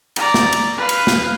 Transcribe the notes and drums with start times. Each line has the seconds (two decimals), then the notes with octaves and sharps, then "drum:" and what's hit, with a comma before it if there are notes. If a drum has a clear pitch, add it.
0.16 D5 A#5, drum: cymbal
0.34 drum: snare
0.53 drum: cymbal
0.78 B4 F5
0.89 drum: cymbal
1.07 drum: snare